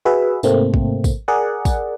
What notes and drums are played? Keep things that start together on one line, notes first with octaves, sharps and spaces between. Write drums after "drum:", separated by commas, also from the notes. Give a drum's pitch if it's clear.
F#4 G#4 B4 E5
G#2 C3 A3 A#3 C4, drum: tambourine
drum: kick
drum: kick, tambourine
G#4 A#4 D5 F#5
drum: kick, tambourine